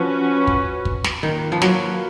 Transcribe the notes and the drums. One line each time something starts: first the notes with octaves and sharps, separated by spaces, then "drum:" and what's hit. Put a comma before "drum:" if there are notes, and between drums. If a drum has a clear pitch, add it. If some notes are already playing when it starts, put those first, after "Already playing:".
Already playing: F3 C#4 F#4 B4
drum: kick
drum: kick
drum: snare
D#3 A#3 F4 B4
F3
F#3, drum: snare